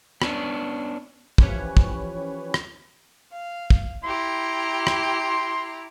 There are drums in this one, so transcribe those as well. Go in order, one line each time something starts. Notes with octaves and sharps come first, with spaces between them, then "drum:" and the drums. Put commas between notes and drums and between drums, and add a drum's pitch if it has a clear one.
B3 C#4 D4, drum: rim click
E3 F3 C#4 G4 B4 C#5, drum: kick
drum: kick
drum: rim click
F5
drum: kick
E4 G4 A#5 C6
drum: rim click